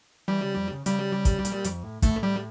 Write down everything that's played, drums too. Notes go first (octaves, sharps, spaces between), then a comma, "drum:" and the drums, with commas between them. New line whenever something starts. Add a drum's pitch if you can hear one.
E3 G3
C#3
F2
C#3
C#3 G3, drum: hi-hat
drum: kick, hi-hat
A#2, drum: hi-hat
F2, drum: hi-hat
A2
A2 A3, drum: kick, hi-hat
G3